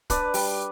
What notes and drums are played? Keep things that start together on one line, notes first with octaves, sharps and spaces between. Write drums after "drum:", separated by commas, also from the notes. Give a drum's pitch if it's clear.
D4 B4 D5, drum: kick, hi-hat
G3, drum: open hi-hat